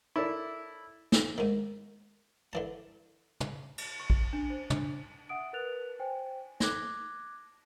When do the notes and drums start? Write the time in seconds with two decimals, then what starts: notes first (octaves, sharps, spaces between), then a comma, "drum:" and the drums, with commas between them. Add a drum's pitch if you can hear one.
0.16 E4 A4 A#4 C#5 D5 E5
1.12 drum: snare
1.38 G#2 D#3
2.53 D3 E3 A5
3.40 drum: tom
3.78 drum: cymbal
4.00 C#6
4.10 drum: kick A#1
4.33 D4
4.50 C5
4.70 D4, drum: tom
5.29 E5 F#5 D#6 D7
5.53 A#4 B4 F#6 A6 F7
5.99 C5 G5 G#5
6.60 D6 F#6 G#6 A#6, drum: snare